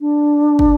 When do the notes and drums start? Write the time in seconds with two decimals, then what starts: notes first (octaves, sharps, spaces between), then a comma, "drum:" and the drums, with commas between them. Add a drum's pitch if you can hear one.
0.01 D4
0.59 drum: kick